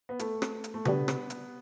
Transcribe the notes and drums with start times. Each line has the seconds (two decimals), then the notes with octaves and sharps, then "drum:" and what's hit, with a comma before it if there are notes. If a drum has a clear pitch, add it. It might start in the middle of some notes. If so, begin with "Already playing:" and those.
0.09 B3
0.19 A3, drum: hi-hat
0.42 drum: rim click
0.64 drum: hi-hat
0.74 A3
0.85 B2 G3 B3 D4 G4, drum: tom C#3
1.08 drum: rim click
1.30 drum: hi-hat